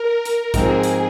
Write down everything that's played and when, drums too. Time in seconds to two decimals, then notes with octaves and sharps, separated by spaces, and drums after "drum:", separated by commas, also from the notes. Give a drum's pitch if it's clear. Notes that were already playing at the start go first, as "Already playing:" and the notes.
Already playing: A#4
0.25 drum: hi-hat
0.54 G#2 F3 C4 G#4, drum: kick A#1, hi-hat
0.83 drum: hi-hat